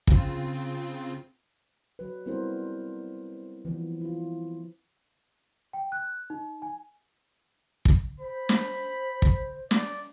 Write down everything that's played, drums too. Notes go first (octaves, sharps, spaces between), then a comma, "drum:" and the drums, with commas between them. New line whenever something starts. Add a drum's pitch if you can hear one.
C#3 C4 F4, drum: kick
F#3 B4
G3 B3 C4 E4 A#4 C5
E3 F3 B3
E4 F4
G5
F#6
D#4
G#5
drum: kick
C5 B5
drum: snare
drum: kick
D5, drum: snare